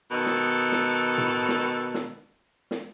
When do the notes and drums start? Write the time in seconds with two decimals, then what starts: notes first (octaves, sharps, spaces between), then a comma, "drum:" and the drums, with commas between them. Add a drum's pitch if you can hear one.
0.11 B2 D#3 A4
0.26 drum: snare
0.72 drum: snare
1.18 drum: tom
1.49 drum: snare
1.94 drum: snare
2.71 drum: snare